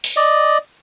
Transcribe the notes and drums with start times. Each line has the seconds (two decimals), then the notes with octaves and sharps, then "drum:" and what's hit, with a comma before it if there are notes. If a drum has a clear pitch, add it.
0.04 drum: open hi-hat
0.16 D5 D#5